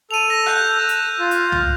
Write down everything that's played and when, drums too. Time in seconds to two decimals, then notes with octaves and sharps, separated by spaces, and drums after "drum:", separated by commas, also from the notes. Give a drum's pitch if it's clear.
0.11 A4 D#7 F7
0.30 A#6
0.46 F#6 G6, drum: rim click
0.78 E6
0.89 drum: hi-hat
1.19 F4
1.31 drum: hi-hat
1.52 drum: tom C2